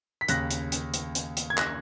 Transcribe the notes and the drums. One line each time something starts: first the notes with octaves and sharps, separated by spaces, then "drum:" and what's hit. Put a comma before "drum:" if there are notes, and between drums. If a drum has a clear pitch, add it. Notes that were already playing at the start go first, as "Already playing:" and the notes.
B6
D#2 C#3 F#6 A#6, drum: hi-hat
drum: hi-hat
drum: hi-hat
drum: hi-hat
drum: hi-hat
drum: hi-hat
G#6
F#6 A#6, drum: clap